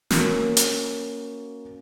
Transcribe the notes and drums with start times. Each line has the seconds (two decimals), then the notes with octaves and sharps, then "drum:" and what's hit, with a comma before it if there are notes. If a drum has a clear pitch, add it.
0.10 A#3 C#4 F#4, drum: snare
0.57 drum: hi-hat